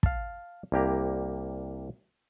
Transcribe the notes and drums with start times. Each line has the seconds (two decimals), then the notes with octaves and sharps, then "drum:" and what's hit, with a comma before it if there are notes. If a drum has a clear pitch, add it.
0.03 F5 A5, drum: kick
0.72 C2 A#3 G4 A#5